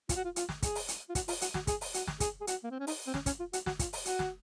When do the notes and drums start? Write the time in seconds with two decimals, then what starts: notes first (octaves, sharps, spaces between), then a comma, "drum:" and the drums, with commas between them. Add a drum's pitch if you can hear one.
0.09 F4, drum: kick, hi-hat
0.16 F#4
0.24 F4
0.36 F4, drum: hi-hat
0.49 drum: snare
0.62 G#4, drum: kick, hi-hat
0.75 drum: open hi-hat
0.88 drum: hi-hat
1.09 F4
1.15 F#4, drum: kick, hi-hat
1.28 F4, drum: open hi-hat
1.41 F#4, drum: hi-hat
1.54 F#4, drum: snare
1.67 G#4, drum: kick, hi-hat
1.81 drum: open hi-hat
1.94 F#4, drum: hi-hat
2.08 drum: snare
2.20 G#4, drum: kick, hi-hat
2.41 G#4
2.47 F#4, drum: hi-hat
2.64 A#3
2.71 C4
2.79 C#4
2.87 D#4, drum: open hi-hat
3.07 C4
3.14 C#4, drum: snare
3.26 C#4, drum: kick, hi-hat
3.39 F4
3.53 F#4, drum: hi-hat
3.66 F#4, drum: snare
3.79 F4, drum: kick, hi-hat
3.93 drum: open hi-hat
4.06 F#4, drum: hi-hat
4.19 drum: snare